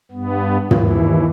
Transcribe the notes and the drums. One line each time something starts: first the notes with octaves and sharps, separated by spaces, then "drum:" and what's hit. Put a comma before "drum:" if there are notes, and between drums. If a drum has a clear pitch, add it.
G2 B3
D#2 E3, drum: tom